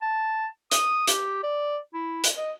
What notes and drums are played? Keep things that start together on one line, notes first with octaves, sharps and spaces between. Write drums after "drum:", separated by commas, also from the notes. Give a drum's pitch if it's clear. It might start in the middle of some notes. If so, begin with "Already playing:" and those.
A5
D#6, drum: hi-hat
G4, drum: hi-hat
D5
E4
drum: hi-hat
D#5